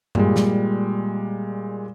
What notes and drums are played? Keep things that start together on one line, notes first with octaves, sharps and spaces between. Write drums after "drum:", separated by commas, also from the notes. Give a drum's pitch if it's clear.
A#2 G3 G#3, drum: tom G2
drum: snare